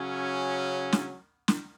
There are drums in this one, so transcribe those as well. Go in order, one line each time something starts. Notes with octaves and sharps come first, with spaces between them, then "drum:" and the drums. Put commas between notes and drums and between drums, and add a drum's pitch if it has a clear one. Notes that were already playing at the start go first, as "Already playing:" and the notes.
Already playing: C#3 F#3 C#4
drum: snare
drum: snare